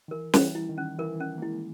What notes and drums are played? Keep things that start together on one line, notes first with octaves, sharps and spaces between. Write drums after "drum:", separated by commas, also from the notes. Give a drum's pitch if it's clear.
D#3
E3 A#4
G3 C#4, drum: snare
E3
E4
D#3
C#4
E3 A#4
C#4
A#3
G#3 E4